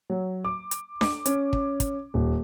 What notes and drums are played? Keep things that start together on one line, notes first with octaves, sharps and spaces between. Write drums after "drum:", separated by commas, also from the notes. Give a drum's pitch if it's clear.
F#3
D6
drum: hi-hat
D6, drum: snare D4
C#4, drum: hi-hat
drum: kick
drum: kick, hi-hat
D#1